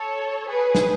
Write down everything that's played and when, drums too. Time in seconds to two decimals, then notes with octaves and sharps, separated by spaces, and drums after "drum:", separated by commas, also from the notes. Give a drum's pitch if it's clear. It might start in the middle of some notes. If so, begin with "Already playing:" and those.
Already playing: A4 C#5
0.50 G#4 B4
0.75 drum: snare